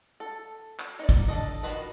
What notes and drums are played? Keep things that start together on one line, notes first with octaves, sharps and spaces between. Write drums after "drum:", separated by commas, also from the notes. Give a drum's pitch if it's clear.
A4
drum: clap
D#4 D5
drum: kick, cymbal
D4 A4 D#5
D#3 F4 F#4 B4 D#5